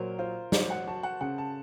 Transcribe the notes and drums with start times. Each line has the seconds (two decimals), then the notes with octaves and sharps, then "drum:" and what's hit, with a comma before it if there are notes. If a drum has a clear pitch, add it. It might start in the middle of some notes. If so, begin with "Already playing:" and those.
Already playing: A#2 F#3 A#4 C5
0.19 F4 C5
0.52 F#3 C5, drum: snare
0.70 F#5
0.87 F#4 A5
1.03 F#5
1.21 C#3 F#5
1.38 A5